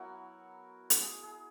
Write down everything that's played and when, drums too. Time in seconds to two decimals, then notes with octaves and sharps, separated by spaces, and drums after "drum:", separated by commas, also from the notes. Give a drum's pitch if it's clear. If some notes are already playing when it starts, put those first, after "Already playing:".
Already playing: F#3 B3 E4 F#4 A#4
0.90 drum: hi-hat
1.02 G#4
1.23 G#4